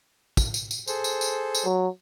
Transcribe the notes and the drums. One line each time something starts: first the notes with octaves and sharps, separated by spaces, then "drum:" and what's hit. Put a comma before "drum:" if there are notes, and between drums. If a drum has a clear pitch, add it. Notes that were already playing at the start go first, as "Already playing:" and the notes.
drum: kick, tambourine
drum: tambourine
drum: tambourine
G#4 A4 C5, drum: tambourine
drum: tambourine
drum: tambourine
drum: tambourine
F#3